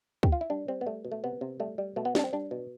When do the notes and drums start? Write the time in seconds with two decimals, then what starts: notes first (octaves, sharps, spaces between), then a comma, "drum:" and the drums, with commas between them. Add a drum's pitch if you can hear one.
0.23 G4, drum: kick C#2
0.32 F4
0.41 E4
0.50 G3 D4
0.68 G3 C4
0.81 B3
0.86 G3 A3
1.05 B2
1.12 A3
1.24 C3 B3
1.41 C3
1.60 G3 A3
1.78 G3
1.96 B2 A3
2.05 B3
2.15 G3 D4, drum: snare
2.24 C4
2.33 G3 D4
2.51 B2